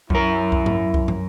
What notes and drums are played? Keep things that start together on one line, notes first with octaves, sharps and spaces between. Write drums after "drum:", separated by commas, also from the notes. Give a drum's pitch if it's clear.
F#2 E4 A#4, drum: kick B1
drum: kick B1
drum: tom G#2
drum: kick B1
drum: tom